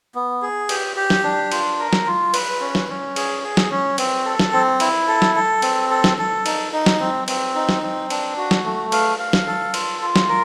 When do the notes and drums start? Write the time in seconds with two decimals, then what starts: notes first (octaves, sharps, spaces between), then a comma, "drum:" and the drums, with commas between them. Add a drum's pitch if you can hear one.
0.15 B3
0.42 G#4
0.69 G4, drum: cymbal
0.96 G4
1.10 drum: snare
1.24 D4
1.52 F4, drum: cymbal
1.79 A#4
1.93 drum: snare
2.07 F4
2.34 B4, drum: cymbal
2.61 C#4
2.75 drum: snare
2.89 C#4
3.16 G#4, drum: cymbal
3.43 G#4
3.57 drum: snare
3.71 C#4
3.98 C4, drum: cymbal
4.26 A4
4.39 drum: snare
4.53 C4
4.80 E4, drum: cymbal
5.08 A4
5.22 drum: snare
5.35 A4
5.62 C4, drum: cymbal
5.90 A4
6.04 drum: snare
6.18 A4
6.46 D#4, drum: cymbal
6.73 D#4
6.86 drum: snare
7.00 C4
7.28 C4, drum: cymbal
7.55 D#4
7.69 drum: snare
7.83 C4
8.10 D4, drum: cymbal
8.37 F#4
8.51 drum: snare
8.65 A3
8.92 F5, drum: cymbal
9.19 F5
9.33 drum: snare
9.47 A4
9.74 F4, drum: cymbal
10.02 F4
10.16 drum: snare
10.29 A#4